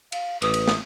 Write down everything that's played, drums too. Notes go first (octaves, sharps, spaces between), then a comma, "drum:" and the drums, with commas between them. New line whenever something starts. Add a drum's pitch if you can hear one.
F5, drum: cymbal
A1 B4 D#6, drum: cymbal
drum: cymbal
drum: snare